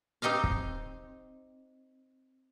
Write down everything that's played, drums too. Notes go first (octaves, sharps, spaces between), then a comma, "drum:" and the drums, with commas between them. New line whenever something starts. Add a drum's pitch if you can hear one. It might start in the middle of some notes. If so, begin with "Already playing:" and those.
C4 D#4 G4 D#5 F5
drum: kick